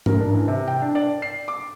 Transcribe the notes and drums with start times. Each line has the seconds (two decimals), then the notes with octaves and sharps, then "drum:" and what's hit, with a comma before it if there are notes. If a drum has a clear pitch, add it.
0.06 A#4, drum: tom G#2
0.20 D4
0.34 E3
0.48 C3
0.68 G5
0.82 D4
0.95 D5
1.22 C7
1.48 D6